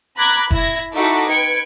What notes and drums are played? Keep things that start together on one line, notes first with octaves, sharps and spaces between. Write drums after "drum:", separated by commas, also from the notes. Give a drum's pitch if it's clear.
A#5 B5 D6 F#6 G#6 A#6
E4 E5 G#6 A#6, drum: kick
D#4 E4 F#4 A4 D6 B6
drum: hi-hat
B4 G5 G#6 C#7 D7